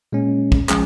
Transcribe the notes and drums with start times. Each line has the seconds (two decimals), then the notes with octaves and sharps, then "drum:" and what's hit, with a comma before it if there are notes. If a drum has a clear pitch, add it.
0.12 A#2 G#3 C#4
0.52 drum: kick
0.69 F3 G#3 C#4 G#4, drum: clap